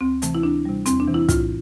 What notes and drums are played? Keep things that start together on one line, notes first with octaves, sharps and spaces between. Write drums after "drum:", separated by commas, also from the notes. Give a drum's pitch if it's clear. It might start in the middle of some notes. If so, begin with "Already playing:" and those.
D2 C4
C3 E3 A3, drum: hi-hat
E4
D2 D4
C3 G3
E2 C4, drum: hi-hat
D4
C3 E3
E4
A2 F4, drum: kick, hi-hat